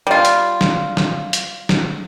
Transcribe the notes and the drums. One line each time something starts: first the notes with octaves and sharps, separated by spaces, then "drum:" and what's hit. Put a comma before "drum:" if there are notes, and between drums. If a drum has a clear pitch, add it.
G3 F4
drum: hi-hat
drum: snare
drum: snare
drum: hi-hat
drum: snare